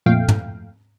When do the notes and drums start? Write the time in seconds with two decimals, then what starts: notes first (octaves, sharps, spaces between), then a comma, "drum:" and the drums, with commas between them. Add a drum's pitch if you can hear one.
0.06 F2 A#2 A3 F5 G5
0.28 drum: tom